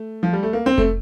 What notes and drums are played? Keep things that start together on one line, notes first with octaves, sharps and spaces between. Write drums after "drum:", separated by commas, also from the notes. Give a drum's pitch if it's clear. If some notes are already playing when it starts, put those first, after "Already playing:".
Already playing: A3
F3
G3
A3
A#3
C4
A3, drum: kick F1